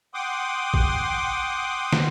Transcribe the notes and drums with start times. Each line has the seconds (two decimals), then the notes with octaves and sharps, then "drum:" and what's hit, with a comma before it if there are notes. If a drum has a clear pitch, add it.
0.14 F#5 G5 C6 D6 D#6
0.74 drum: kick
1.93 drum: snare